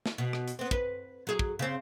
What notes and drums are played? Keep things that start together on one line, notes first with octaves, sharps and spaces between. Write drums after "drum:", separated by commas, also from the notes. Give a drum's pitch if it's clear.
drum: snare
B2
drum: rim click
drum: hi-hat
B3 C4
B4, drum: kick
F#3 G#4
drum: kick
C#3 C4